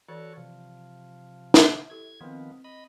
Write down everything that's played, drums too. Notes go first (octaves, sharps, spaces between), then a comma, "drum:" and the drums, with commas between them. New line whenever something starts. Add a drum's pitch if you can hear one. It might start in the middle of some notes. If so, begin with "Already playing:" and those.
E3 F#4 A4 C#5 D5
C3 F3
drum: snare
E4 G4 A4 G#6
D#3 F3 B3 C4 B4 C6
D#5 B5